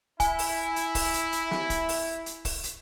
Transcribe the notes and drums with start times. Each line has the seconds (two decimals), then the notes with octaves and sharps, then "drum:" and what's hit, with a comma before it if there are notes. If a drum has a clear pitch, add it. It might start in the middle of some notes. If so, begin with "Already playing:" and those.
0.20 E4 G#5, drum: kick, hi-hat
0.39 drum: open hi-hat
0.76 drum: hi-hat
0.95 drum: kick, open hi-hat
1.14 drum: hi-hat
1.32 drum: hi-hat
1.51 drum: snare
1.70 drum: kick, hi-hat
1.89 drum: open hi-hat
2.26 drum: hi-hat
2.45 drum: kick, open hi-hat
2.64 drum: hi-hat